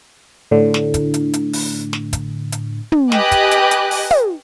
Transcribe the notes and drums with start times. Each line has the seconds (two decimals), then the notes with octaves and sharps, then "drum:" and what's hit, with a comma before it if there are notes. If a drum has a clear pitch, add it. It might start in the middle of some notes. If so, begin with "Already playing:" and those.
0.51 A2 D3
0.74 drum: snare
0.94 drum: kick, hi-hat
1.14 drum: hi-hat
1.34 drum: hi-hat
1.53 drum: open hi-hat
1.93 drum: snare
2.13 drum: kick, hi-hat
2.52 drum: hi-hat
2.92 drum: tom
3.12 G4 B4 D#5 G#5 D6 F#6, drum: snare
3.32 drum: kick, hi-hat
3.51 drum: hi-hat
3.71 drum: hi-hat
3.91 drum: open hi-hat
4.11 drum: tom